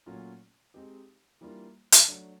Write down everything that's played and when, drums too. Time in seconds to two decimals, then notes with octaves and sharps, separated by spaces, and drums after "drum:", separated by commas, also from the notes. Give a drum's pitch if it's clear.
0.06 A#2 F#3 A3 C#4 F4
0.74 G#3 C4 D#4 G4
1.41 E3 G3 A#3 D4 F4
1.92 drum: hi-hat
2.08 F#3 A3 D4